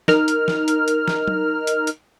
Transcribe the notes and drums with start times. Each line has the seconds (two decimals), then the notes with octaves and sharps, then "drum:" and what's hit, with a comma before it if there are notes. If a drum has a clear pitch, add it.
0.08 D#4 A#4 F6, drum: snare
0.28 drum: hi-hat
0.48 drum: snare
0.68 drum: hi-hat
0.88 drum: hi-hat
1.08 drum: snare
1.28 drum: tom F#3
1.67 drum: hi-hat
1.87 drum: hi-hat